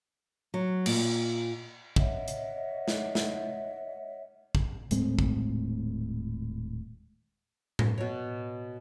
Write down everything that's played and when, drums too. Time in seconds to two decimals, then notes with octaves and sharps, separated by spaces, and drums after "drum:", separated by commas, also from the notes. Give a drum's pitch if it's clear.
0.54 F#3
0.86 A#2, drum: cymbal
1.96 C#5 D#5 E5 F#5, drum: kick
2.28 drum: hi-hat
2.88 drum: snare
3.15 drum: snare
4.55 drum: kick
4.91 D#1 A2 G#3 C4, drum: hi-hat
5.19 drum: kick
7.79 drum: tom A2
7.98 B2 C#5